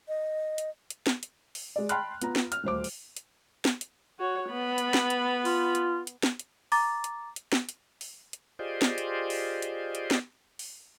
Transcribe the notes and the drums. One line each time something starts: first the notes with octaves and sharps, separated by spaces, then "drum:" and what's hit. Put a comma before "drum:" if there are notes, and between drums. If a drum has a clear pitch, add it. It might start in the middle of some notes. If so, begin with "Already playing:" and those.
D#5
drum: hi-hat
drum: hi-hat
drum: snare
drum: hi-hat
drum: open hi-hat
G#3 D5
G5 A5 B5 C6 F6 F#6, drum: hi-hat
B3 F4 A#5, drum: hi-hat
drum: snare
F6, drum: hi-hat
D#1 D2 C5 D6
drum: open hi-hat
drum: hi-hat
drum: snare
drum: hi-hat
F#4 C#5
B3 B5
drum: hi-hat
drum: snare
drum: hi-hat
F4, drum: open hi-hat
drum: hi-hat
drum: hi-hat
drum: snare
drum: hi-hat
A#5 D6 A6, drum: open hi-hat
drum: hi-hat
drum: hi-hat
drum: snare
drum: hi-hat
drum: open hi-hat
drum: hi-hat
F4 G4 G#4 C5 D5 D#5
drum: snare
drum: hi-hat
drum: open hi-hat
drum: hi-hat
drum: hi-hat
drum: snare
drum: open hi-hat